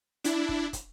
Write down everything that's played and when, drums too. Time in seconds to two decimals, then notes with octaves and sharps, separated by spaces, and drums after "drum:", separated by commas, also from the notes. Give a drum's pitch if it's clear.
0.24 D4 E4, drum: hi-hat
0.49 drum: kick
0.73 drum: kick, hi-hat